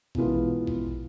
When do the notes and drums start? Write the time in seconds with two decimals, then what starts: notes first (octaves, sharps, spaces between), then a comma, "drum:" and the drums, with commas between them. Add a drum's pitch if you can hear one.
0.15 B2 E3 F3 G#3 B3 F4, drum: kick A#1
0.67 drum: kick A#1